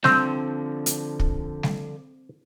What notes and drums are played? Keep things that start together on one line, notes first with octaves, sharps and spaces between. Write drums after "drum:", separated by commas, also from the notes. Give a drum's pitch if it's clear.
D3 F3 C4 G6, drum: snare G3
drum: hi-hat
drum: kick
drum: snare G3